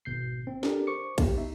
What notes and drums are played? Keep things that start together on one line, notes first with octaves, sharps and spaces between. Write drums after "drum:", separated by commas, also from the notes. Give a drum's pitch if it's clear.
G#1 B2 G6 C7
C4
D4 G4 A4 A#4 D5, drum: snare
C5 C#6 D6 C#7
B3 G4, drum: kick A#1, cymbal
D#4 E5